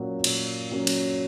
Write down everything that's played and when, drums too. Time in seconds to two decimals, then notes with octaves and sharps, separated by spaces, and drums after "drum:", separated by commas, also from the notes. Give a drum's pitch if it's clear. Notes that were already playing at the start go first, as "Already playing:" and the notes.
Already playing: A#2 F#3 A#3 C#4 F#4
0.24 A#2, drum: cymbal
0.72 F#3 A#3 C#4 F#4
0.87 drum: cymbal